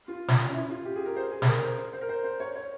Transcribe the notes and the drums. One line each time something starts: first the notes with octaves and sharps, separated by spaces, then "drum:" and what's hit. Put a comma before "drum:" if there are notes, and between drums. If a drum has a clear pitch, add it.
F4
drum: snare
C#4
E4
F4
G4
G#4
A#4
C5
G#4
G#4, drum: snare
A#4
C5
C5
C5
A#4
C5
C5
C#5
C#5